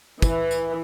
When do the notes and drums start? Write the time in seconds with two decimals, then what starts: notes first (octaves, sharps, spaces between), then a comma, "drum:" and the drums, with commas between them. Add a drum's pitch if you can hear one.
0.22 E3, drum: kick, tambourine
0.51 drum: tambourine